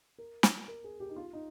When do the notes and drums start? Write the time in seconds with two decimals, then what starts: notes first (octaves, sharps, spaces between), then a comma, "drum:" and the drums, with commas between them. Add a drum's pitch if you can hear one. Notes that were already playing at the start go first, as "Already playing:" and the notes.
0.18 A#4
0.43 drum: snare
0.68 A#4
0.84 G#4
1.00 G4
1.09 D#4
1.16 F4
1.33 D#4